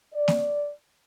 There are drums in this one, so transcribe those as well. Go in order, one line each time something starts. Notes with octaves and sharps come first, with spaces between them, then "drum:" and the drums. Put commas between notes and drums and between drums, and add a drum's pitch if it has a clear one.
D5
drum: snare A#3